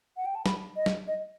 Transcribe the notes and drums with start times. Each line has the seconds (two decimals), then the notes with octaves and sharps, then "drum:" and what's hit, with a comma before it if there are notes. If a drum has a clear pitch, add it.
0.17 F#5
0.25 G5
0.35 A5
0.46 B5, drum: snare
0.76 D#5
0.86 drum: snare
1.07 D#5